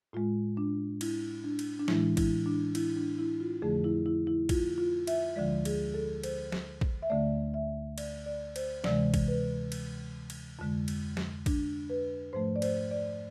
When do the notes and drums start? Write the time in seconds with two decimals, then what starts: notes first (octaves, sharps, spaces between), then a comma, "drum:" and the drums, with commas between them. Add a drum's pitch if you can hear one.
0.13 A2 G#3 F4
0.57 D4
1.01 E4, drum: cymbal
1.44 D4
1.59 drum: cymbal
1.79 D4
1.88 A2 E3 G#3 E4, drum: snare
2.17 E4, drum: kick, cymbal
2.46 D4
2.75 E4, drum: cymbal
2.97 D4
3.18 E4
3.40 F4
3.62 F2 D3 F3 A3 G#4
3.84 E4
4.06 E4
4.27 E4
4.49 F4, drum: kick, cymbal
4.78 F4
5.07 E5, drum: cymbal
5.36 D2 D3 F3 G#3 D5
5.65 G#4, drum: cymbal
5.94 A4
6.23 C5, drum: cymbal
6.52 drum: snare
6.81 drum: kick
7.03 E5
7.10 D2 D3 A3 D5
7.54 E5
7.98 D5, drum: cymbal
8.26 D5
8.56 C5, drum: cymbal
8.84 D2 C3 E3 G#3 D5, drum: snare
9.14 drum: kick, cymbal
9.28 B4
9.72 drum: cymbal
10.30 drum: cymbal
10.59 F2 D3 G#3
10.88 drum: cymbal
11.17 drum: snare
11.46 D4, drum: kick, cymbal
11.90 B4
12.33 G#2 F3 A3 C5
12.56 D5
12.62 C5, drum: cymbal
12.91 D5